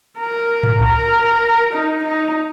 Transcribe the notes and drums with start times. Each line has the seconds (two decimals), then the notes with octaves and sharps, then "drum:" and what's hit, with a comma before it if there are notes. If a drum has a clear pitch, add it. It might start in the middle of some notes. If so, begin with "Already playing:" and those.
0.18 A#4
0.63 drum: tom G#2
0.80 A#4, drum: kick C2
1.72 D#4
2.03 D#4